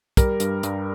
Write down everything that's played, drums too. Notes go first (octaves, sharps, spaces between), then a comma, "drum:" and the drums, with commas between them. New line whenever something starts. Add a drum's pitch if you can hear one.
G3 A#4, drum: kick, hi-hat
G2, drum: hi-hat
G2, drum: hi-hat